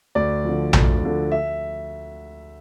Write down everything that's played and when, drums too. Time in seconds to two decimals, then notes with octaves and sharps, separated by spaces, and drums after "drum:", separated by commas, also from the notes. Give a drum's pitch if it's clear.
0.15 D2 D5
0.44 D3 F3
0.73 D2, drum: tom A#1
1.03 D3 F3
1.32 E5